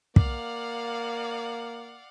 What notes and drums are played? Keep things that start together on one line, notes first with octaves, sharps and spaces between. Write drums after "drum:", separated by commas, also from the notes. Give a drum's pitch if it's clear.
A#3 D5 F5 F#5, drum: kick